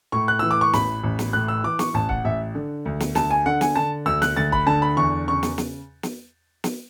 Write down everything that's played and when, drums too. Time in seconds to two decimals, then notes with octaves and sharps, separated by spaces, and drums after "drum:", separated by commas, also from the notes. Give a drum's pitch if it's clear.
0.12 A2 C#6
0.28 F#6
0.39 E3 E6
0.51 D6
0.61 C#6
0.73 A1 B5, drum: snare
1.04 A1
1.19 drum: snare
1.33 A2 F#6
1.48 E6
1.64 E3 D6
1.79 C#6, drum: snare
1.94 A1 A5
2.09 F#5, drum: kick
2.25 A1 E5
2.55 D3
2.85 D2
3.00 drum: snare
3.15 D2 A5, drum: snare
3.31 G#5
3.46 D3 F#5
3.61 G#5, drum: snare
3.76 D3 A5
4.06 D2 E6
4.22 F#6, drum: snare
4.37 D2 A6
4.52 B5, drum: kick
4.67 D3 A5
4.82 B5
4.97 E2 C#6
5.28 C#3 C#6
5.43 drum: snare
5.58 drum: snare
6.03 drum: snare
6.64 drum: snare